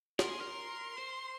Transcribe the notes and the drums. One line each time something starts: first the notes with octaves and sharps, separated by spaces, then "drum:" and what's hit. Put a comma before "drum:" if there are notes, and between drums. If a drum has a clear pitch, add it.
A#4 C6, drum: snare
G#4
A#4
C5